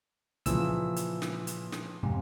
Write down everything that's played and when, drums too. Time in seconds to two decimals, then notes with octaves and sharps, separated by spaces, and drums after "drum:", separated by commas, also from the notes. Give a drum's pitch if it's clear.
0.46 A#2 C#3 E3 F3 E6, drum: kick, hi-hat
0.96 drum: hi-hat
1.22 drum: snare
1.47 drum: hi-hat
1.72 drum: snare
2.03 F2 G#2 C3